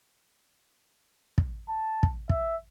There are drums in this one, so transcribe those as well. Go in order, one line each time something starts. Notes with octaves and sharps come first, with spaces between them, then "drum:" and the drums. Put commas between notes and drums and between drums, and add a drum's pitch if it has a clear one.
drum: kick
A5
drum: kick
E5, drum: kick